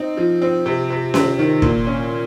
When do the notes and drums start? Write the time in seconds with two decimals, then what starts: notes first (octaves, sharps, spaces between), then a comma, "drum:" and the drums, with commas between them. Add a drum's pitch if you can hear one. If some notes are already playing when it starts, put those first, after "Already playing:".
Already playing: C4 D#4
0.17 F3
0.42 C4
0.66 C3
0.90 C3
1.14 C3, drum: snare C#4
1.39 D#3
1.62 A#2, drum: kick
1.87 C#4